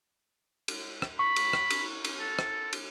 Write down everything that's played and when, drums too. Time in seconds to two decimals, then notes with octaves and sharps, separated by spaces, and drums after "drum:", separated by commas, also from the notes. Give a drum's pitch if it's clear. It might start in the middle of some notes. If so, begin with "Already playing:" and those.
0.68 drum: cymbal
1.02 drum: rim click
1.19 B5 C#6
1.36 drum: cymbal
1.53 drum: rim click
1.70 drum: cymbal
2.04 drum: cymbal
2.20 A4
2.39 drum: rim click
2.73 drum: cymbal